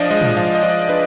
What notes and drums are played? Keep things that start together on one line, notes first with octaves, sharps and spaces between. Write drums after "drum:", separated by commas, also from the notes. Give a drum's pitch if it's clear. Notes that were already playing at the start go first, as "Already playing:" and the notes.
Already playing: F3 D4 D5 D#5 F5
G#3 D#5
drum: tom
F3 F5
D#5
F3 D5
D4 B4